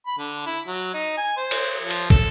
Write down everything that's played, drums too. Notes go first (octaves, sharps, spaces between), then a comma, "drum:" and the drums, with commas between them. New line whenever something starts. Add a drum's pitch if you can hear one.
B5
D3
E4
F#3
D#4
G#5
C5
drum: cymbal
F3
drum: cymbal
A4, drum: kick